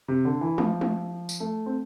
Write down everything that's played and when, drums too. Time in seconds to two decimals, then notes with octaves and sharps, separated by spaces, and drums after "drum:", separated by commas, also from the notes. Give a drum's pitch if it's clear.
0.08 C3
0.25 D3
0.41 E3
0.58 F3, drum: tom G#3
0.81 drum: tom G#3
1.29 drum: tambourine
1.40 A3
1.66 C4